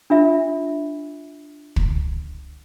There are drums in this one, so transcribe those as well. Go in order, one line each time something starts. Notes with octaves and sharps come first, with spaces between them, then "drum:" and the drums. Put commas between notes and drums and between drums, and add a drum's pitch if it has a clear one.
D4 F4 E5
drum: kick